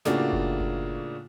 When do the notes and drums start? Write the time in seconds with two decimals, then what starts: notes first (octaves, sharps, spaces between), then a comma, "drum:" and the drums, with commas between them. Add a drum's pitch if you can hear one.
0.05 A2 C#3 A#3 D4 F4 F#4, drum: snare
0.33 drum: kick F#1
0.60 drum: kick F#1